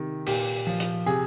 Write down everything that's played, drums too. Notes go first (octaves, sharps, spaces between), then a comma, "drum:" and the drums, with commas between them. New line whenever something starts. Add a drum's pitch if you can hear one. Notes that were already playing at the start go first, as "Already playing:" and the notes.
Already playing: C3 D#3
A#2 G4, drum: open hi-hat
F3
drum: hi-hat
C3 G#4